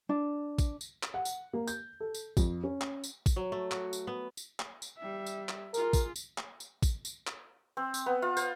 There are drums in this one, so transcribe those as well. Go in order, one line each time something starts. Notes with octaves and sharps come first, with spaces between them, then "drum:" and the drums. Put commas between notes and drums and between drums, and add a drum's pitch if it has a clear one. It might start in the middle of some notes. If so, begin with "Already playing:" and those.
D4
drum: kick A1, tambourine
drum: tambourine
drum: clap
F#5
drum: tambourine
A#3
G6, drum: tambourine
A4
drum: tambourine
F2, drum: kick A1, tambourine
C#4
drum: clap
drum: tambourine
drum: kick A1, tambourine
F#3
A3
F#4, drum: clap
drum: tambourine
B3
drum: tambourine
drum: clap
drum: tambourine
G3 E5
drum: tambourine
drum: clap
F4 G#4 A#4, drum: tambourine
drum: kick A1, tambourine
drum: tambourine
drum: clap
drum: tambourine
drum: kick A1, tambourine
drum: tambourine
drum: clap
C4
drum: tambourine
B3
F4
C5, drum: tambourine